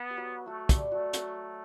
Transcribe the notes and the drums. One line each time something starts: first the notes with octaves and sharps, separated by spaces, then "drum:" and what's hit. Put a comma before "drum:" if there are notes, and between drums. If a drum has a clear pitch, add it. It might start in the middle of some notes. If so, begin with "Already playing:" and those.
Already playing: B3
G4
F#3 F#4
F#3 A3 F#4
G3 G4, drum: kick, hi-hat
F#3 A3 F#4
F#3 F#4, drum: hi-hat